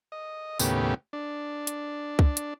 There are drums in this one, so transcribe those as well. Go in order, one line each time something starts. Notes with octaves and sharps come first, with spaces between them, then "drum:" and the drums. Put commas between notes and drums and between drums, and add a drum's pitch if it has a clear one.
D#5
D#2 A2 C#3 B3 G4, drum: tambourine
D4
drum: hi-hat
drum: kick C2
drum: hi-hat